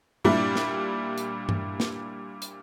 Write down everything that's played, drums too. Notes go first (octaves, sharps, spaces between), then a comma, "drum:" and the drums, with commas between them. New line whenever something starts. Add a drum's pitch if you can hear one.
A#2 G3 D4 E4, drum: tom G2
drum: snare
drum: hi-hat
drum: tom G2
drum: snare
drum: hi-hat